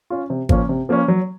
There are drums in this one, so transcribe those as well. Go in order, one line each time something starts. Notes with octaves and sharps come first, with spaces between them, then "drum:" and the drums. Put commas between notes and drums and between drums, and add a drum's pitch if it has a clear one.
C#4 F4
C3
F3 A#3 C#4, drum: kick G#1
C3
F3 A#3 C#4
F#3